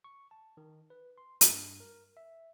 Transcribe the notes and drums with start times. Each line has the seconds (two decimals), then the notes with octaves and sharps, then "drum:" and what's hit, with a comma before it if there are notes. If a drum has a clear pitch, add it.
0.04 C#6
0.31 A5
0.57 D#3
0.90 B4
1.18 C6
1.41 G2, drum: hi-hat
1.80 A#4
2.17 E5